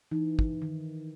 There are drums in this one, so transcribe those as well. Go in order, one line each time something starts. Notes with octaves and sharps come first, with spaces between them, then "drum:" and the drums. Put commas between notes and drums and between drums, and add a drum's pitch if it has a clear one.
E3 D#4
drum: kick
D#3